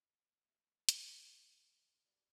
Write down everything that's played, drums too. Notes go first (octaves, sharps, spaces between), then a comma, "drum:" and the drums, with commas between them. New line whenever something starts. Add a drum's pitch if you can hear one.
A2 G3 B3 E5
drum: hi-hat
B2 G3 B3 D5